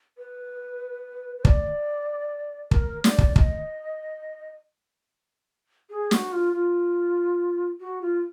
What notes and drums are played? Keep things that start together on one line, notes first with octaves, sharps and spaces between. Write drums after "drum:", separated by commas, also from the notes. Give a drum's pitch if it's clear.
B4
B4
D5, drum: kick
A#4, drum: kick
D5, drum: snare
drum: kick
D#5, drum: kick
G#4
F#4, drum: snare
F4
F4
F#4
F4